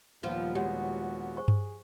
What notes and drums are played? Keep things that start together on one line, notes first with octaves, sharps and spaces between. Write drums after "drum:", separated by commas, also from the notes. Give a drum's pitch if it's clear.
D#2 A#2 F3 G3 B3 F4
G#3 F#4 G4 C#5 F#5
G#4 C5 C#6
drum: tom G2